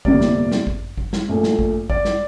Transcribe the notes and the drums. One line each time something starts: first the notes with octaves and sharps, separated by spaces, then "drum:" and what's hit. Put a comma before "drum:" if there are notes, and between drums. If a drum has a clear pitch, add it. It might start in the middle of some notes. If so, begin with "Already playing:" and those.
G1 F2 C3 G3 A#3 D5, drum: kick G#1
drum: snare
drum: snare
drum: kick G#1
drum: kick G#1
drum: snare
A#1 A#2 A3
drum: snare
drum: kick G#1
D5, drum: kick G#1
drum: snare